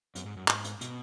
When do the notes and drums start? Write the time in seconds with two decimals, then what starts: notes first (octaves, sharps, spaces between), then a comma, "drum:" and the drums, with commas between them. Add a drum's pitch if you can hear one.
0.15 F#2, drum: hi-hat
0.26 G#2
0.37 F#2
0.48 G#2, drum: clap
0.64 drum: hi-hat
0.81 B2, drum: hi-hat